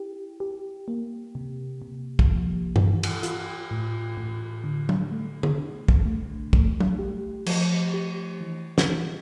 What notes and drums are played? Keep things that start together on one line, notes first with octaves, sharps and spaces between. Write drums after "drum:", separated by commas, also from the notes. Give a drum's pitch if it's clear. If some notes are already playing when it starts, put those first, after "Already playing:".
Already playing: E4 G4
G4
A#3
C3
C3
drum: kick
F3
E3, drum: tom G2
drum: cymbal
F4, drum: hi-hat
A2
A2
D3
drum: tom F#3
A3
drum: tom D3
D4
drum: kick
A3
A3, drum: kick
drum: tom F#3
G4
F3, drum: cymbal
G4
E3
drum: snare
E3